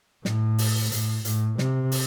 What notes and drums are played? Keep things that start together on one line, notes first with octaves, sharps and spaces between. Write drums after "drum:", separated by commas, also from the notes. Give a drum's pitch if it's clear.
A2, drum: snare
drum: open hi-hat
A2, drum: hi-hat
A2, drum: hi-hat
C3, drum: snare
drum: open hi-hat